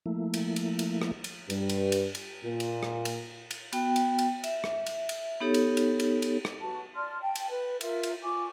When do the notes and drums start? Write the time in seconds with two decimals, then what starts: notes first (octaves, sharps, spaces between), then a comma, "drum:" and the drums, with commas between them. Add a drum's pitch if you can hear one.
0.06 F3 A3 A#3 E4
0.34 drum: cymbal
0.56 drum: cymbal
0.79 drum: cymbal
1.02 drum: rim click
1.24 drum: cymbal
1.50 G2, drum: cymbal
1.69 drum: cymbal
1.92 drum: cymbal
2.15 drum: cymbal
2.45 A#2
2.60 drum: cymbal
2.83 drum: rim click
3.05 drum: cymbal
3.51 drum: cymbal
3.73 B3 F#4 G5, drum: cymbal
3.96 drum: cymbal
4.18 drum: cymbal
4.44 E5, drum: cymbal
4.64 drum: rim click
4.86 drum: cymbal
5.09 drum: cymbal
5.41 B3 D#4 G4 A4 C#5
5.54 drum: cymbal
5.77 drum: cymbal
6.00 drum: cymbal
6.22 drum: cymbal
6.45 drum: rim click
6.60 F#4 B4 A5
6.95 D5 A5 C6 F6
7.21 G5 A5
7.35 drum: cymbal
7.49 B4
7.81 F4 A#4 E5, drum: cymbal
8.03 drum: cymbal
8.22 F4 G#5 C#6 D6